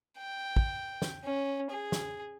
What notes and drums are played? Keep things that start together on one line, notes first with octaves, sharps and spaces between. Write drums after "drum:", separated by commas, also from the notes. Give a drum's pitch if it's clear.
G5
drum: kick
drum: snare
C#4
G#4
drum: snare